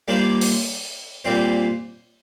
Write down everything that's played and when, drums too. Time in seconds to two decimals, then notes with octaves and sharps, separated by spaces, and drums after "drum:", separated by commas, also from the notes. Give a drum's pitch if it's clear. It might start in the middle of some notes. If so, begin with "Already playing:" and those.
0.08 G3 A#3 D4 F4 C5
0.41 drum: open hi-hat
1.25 A#2 G3 C4 F4 C5